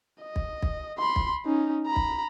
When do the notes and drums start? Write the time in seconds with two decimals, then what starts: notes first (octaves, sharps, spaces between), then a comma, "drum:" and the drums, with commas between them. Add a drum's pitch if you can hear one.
0.22 D#5
0.36 drum: kick
0.62 drum: kick
0.98 B5 C6
1.16 drum: kick
1.46 C#4 D#4
1.87 A#5 B5
1.96 drum: kick